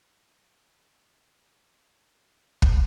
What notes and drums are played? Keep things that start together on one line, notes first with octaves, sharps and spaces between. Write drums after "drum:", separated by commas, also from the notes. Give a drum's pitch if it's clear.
F4 D5
drum: kick